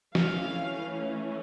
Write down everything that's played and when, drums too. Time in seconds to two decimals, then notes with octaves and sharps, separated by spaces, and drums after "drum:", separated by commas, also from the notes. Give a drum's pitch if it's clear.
0.15 E3 A3 C#4 F5, drum: snare